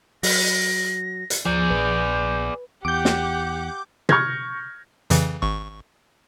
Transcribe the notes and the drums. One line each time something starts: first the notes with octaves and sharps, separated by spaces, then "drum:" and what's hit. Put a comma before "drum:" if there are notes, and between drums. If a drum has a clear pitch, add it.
F#3 A#6, drum: open hi-hat
drum: hi-hat
D2 F3 G#4 D5 G6
A#1 B4
E2 G4 F#5 D6 G6
drum: snare
C#6 F6 G6 G#6 A#6, drum: tom
F2 C#3 E3, drum: hi-hat
G#1 C#6